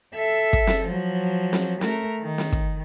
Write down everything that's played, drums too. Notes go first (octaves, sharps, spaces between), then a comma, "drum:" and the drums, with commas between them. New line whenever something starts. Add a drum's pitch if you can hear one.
A4 E5
drum: kick
drum: snare
F3 F#3
drum: snare
A3 A#4, drum: snare
D#3
drum: snare
drum: kick